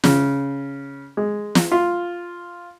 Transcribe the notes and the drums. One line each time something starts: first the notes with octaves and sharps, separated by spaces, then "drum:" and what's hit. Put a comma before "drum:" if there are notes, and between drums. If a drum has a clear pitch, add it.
C#3, drum: snare
G#3
drum: snare
F4